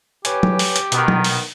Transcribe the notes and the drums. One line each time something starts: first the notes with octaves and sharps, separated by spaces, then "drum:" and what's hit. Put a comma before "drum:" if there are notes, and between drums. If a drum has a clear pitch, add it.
G4 B4 C#5 G#5, drum: hi-hat
drum: tom F#3
drum: open hi-hat
drum: hi-hat
B2 D#3 B3, drum: hi-hat
drum: tom F#3
drum: open hi-hat